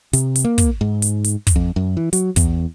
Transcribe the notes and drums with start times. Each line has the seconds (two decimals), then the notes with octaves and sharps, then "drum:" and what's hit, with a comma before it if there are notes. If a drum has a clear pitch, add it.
0.13 C3, drum: hi-hat
0.36 drum: hi-hat
0.45 A#3
0.58 drum: kick, hi-hat
0.81 G#2
1.02 drum: hi-hat
1.24 drum: hi-hat
1.47 drum: kick, hi-hat
1.56 F2
1.76 F#2
1.97 E3
2.13 F#3, drum: hi-hat
2.36 E2, drum: kick, hi-hat